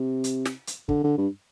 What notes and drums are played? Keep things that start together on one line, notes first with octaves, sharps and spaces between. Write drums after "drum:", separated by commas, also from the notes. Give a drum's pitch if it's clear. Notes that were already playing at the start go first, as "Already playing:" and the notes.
Already playing: C3
drum: hi-hat
drum: snare
drum: hi-hat
D3, drum: kick
D3
G2